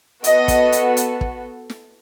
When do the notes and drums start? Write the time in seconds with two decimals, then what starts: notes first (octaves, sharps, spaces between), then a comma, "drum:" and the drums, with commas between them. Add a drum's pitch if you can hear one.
0.24 B3 F#4 A4 D#5, drum: hi-hat
0.48 drum: kick, hi-hat
0.72 drum: hi-hat
0.97 drum: hi-hat
1.21 drum: kick
1.70 drum: snare